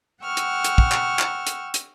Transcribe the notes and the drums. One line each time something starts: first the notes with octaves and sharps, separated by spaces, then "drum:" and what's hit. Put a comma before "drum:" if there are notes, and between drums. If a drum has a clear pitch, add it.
F#5 G5 C#6 E6 F6
drum: hi-hat
drum: hi-hat
drum: kick
drum: clap
drum: clap
drum: hi-hat
drum: hi-hat